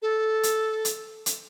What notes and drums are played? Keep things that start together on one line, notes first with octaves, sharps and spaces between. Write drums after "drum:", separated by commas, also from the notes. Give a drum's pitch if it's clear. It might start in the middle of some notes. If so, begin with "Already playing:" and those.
A4
drum: hi-hat
drum: hi-hat
drum: hi-hat